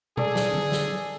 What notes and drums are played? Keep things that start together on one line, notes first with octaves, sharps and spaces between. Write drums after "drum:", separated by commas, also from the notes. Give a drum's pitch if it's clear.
G#4 A4 D5, drum: tom
drum: snare
drum: tom
drum: snare